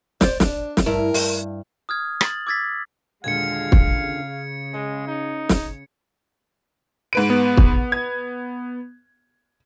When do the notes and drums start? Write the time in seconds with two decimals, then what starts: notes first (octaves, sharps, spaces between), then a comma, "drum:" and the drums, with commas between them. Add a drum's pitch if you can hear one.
0.21 C5 D5, drum: snare
0.40 D4, drum: snare
0.77 drum: snare
0.86 G2 E4 A#4
1.14 G2, drum: open hi-hat
1.89 D#6 F6 G#6
2.21 A6 F#7, drum: rim click
2.47 D6 E6 G#6 A6 B6
3.24 D#2 A#2 D3 G#3 F5 G#6 C#7
3.72 drum: kick
4.03 C#3
4.74 G#3 D#5
5.07 D#4
5.49 drum: snare
7.13 G#2 B4 D7
7.30 B3
7.57 drum: kick
7.92 G#6